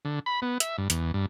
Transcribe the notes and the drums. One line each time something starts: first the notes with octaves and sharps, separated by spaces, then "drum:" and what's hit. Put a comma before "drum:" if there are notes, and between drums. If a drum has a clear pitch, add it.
D3
B5
B3
E5, drum: hi-hat
G2
E2, drum: hi-hat
G2